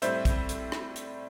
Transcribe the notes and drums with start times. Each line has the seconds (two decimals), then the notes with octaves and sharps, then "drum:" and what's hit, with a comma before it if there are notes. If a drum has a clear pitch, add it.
0.02 A2 G3 C4 C5 E5, drum: hi-hat
0.25 drum: kick, hi-hat
0.49 drum: hi-hat
0.72 drum: rim click
0.96 drum: hi-hat